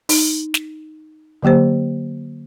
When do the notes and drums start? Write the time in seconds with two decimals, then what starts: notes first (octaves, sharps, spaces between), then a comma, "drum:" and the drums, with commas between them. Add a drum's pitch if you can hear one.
0.09 D#4, drum: open hi-hat
0.54 drum: snare
1.42 D3 F#3 A#3 G4 C5